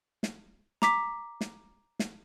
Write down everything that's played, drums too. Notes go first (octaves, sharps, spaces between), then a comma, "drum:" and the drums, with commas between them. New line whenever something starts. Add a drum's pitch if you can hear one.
drum: snare
A#5 D6 B6, drum: snare
drum: snare
drum: snare